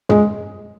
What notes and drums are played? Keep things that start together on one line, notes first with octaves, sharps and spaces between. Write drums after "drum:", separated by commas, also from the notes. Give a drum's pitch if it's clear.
G#3, drum: tom